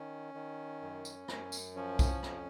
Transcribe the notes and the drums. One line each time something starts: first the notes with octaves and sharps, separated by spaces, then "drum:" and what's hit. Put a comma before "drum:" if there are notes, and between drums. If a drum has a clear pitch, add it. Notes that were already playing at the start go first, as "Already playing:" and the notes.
Already playing: D#3 C#4
D#3
F#2
drum: tambourine
F#2, drum: rim click
drum: tambourine
F3 C#4
drum: kick B1, tambourine
F2, drum: rim click